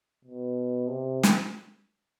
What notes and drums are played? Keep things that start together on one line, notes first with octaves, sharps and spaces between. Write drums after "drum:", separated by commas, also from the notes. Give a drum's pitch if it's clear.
B2
C3
drum: snare